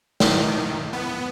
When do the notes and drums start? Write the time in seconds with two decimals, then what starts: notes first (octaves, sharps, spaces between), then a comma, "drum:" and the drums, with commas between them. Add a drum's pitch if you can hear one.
0.20 D#3, drum: snare
0.93 B3